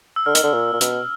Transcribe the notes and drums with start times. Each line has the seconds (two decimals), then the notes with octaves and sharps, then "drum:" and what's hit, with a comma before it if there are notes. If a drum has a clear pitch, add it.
0.16 E6
0.26 D3 F6
0.35 D#3, drum: hi-hat
0.44 D3
0.54 A#2
0.73 A#2
0.81 B2, drum: hi-hat